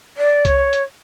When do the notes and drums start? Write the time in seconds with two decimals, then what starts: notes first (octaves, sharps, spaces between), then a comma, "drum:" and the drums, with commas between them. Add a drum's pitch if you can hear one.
0.17 D5
0.45 C#5, drum: kick C2, hi-hat
0.73 drum: hi-hat